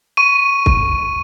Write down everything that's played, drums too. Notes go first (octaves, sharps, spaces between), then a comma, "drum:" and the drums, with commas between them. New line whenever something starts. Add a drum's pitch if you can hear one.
C#6 D#7
drum: kick C2